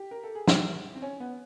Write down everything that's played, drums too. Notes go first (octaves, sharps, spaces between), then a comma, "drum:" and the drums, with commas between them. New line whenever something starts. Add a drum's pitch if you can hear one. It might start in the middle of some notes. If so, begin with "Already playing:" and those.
Already playing: G4
A#4
A4
G#4
G4, drum: snare
C4
C#4
B3